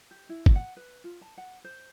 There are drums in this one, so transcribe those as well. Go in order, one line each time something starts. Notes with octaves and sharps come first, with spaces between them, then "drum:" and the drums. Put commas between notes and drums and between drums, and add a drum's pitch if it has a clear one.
G4
E4
drum: kick G1
F#5
B4
F4
A5
F#5
C5